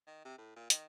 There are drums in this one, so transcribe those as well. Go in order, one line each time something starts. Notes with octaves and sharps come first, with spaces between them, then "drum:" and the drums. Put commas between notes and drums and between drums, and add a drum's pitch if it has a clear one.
D#3
C3
A2
A#2
D#3, drum: hi-hat